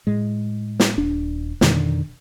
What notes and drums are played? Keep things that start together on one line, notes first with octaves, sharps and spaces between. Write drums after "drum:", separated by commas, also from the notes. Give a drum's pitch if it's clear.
A2 G#3
drum: snare
D#1 D4
F2 B2 D3 D#3, drum: snare